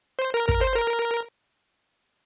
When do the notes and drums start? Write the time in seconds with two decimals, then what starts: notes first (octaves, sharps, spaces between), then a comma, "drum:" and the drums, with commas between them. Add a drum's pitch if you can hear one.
0.19 C5
0.34 A#4
0.49 A#4, drum: kick
0.61 C5
0.75 A#4